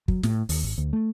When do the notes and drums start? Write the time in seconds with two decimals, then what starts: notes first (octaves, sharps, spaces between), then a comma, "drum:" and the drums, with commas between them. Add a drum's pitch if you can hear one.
0.08 F#3, drum: kick
0.23 A2, drum: snare
0.49 D#2, drum: open hi-hat
0.63 G#1
0.78 D2
0.93 A3